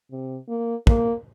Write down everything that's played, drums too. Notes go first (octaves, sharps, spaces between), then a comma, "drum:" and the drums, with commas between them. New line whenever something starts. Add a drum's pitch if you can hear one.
C3
A#3
A#3, drum: kick